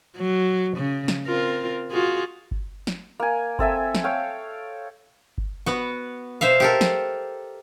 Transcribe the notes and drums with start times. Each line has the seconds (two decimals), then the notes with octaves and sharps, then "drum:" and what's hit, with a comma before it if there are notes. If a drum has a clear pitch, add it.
0.17 F#3
0.77 C#3
1.08 drum: snare
1.27 C4 F4 A#4
1.92 F4 F#4 G#4
2.51 drum: kick G1
2.87 drum: snare
3.20 A#3 G#5
3.59 C4 A4 E5 G#5, drum: kick G1
3.95 drum: snare
4.04 C#5 F5 G5
5.38 drum: kick G1
5.66 B3 F#4
6.41 B2 C5 E5 F5
6.60 G4 A4 A#4
6.81 drum: snare